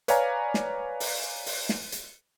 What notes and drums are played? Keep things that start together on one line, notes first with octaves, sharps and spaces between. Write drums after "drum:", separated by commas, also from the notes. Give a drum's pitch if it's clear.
B4 C#5 D5 F5 G#5 A#5, drum: hi-hat
drum: snare
drum: open hi-hat
drum: open hi-hat
drum: snare
drum: hi-hat